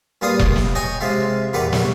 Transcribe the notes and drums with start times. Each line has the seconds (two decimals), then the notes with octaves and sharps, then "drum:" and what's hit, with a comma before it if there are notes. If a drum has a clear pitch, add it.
0.21 A#2 G3 F4 G#4 B4 D#6
0.39 B3, drum: kick E1
0.56 drum: snare
0.75 C#5 D#5 G5 G#5 D#6
1.01 C3 G#3 F4 E5
1.53 E2 A#2 G4 B4 F#5
1.73 G3 C#4, drum: snare